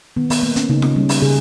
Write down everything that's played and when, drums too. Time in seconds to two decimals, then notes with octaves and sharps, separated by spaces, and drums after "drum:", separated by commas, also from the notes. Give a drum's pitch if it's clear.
0.16 D#3 B3
0.30 B3, drum: open hi-hat
0.43 A#3
0.56 C#4, drum: hi-hat
0.69 C#3 D#4
0.82 C#4, drum: snare F4
0.96 G3 C#4
1.09 drum: open hi-hat
1.22 C#3 G#4